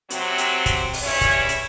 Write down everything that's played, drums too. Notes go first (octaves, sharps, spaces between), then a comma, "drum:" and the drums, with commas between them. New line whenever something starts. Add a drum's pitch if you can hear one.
C3 F#3 C4, drum: hi-hat
drum: hi-hat
drum: kick, hi-hat
drum: open hi-hat
E2 G2 C#4 E4 C#5
drum: kick, hi-hat
drum: hi-hat